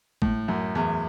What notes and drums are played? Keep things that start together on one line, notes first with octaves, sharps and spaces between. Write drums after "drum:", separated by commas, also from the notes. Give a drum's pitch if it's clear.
A2, drum: kick
F#2
E2